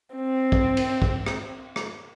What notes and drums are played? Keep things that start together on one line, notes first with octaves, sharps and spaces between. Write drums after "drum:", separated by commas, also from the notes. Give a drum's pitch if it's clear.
C4
drum: kick
drum: cymbal
drum: kick
drum: rim click
drum: rim click